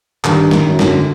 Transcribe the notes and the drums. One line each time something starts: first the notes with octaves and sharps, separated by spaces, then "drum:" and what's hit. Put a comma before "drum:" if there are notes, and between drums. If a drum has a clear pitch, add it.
G2 D#3, drum: clap
D#3, drum: snare
F#2
D3, drum: snare